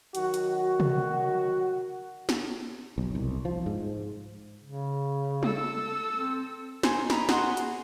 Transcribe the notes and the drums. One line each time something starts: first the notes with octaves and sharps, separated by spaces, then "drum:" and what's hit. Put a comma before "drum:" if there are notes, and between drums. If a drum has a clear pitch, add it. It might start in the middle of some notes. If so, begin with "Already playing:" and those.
D#3 F#3 F#4, drum: hi-hat
drum: hi-hat
drum: tom C3
drum: snare
B1
C2
F3
G#2
C#3
A4 E6, drum: tom G3
C4
D#4 C5 G#5, drum: snare
D#5 A#5 B5, drum: snare
F#4 G#4 F#5 C6, drum: snare
drum: hi-hat